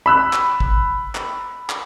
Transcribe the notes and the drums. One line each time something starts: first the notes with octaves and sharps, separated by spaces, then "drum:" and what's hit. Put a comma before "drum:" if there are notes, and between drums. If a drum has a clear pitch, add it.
B5 E6 F#6
drum: clap
drum: kick
drum: clap
drum: clap